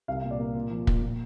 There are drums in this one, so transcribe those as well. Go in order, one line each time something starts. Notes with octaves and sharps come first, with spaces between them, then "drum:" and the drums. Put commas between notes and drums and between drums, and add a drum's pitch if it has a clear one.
C2 F5
A#2
D5
A#3
A#2
F3
A#2, drum: kick
A#2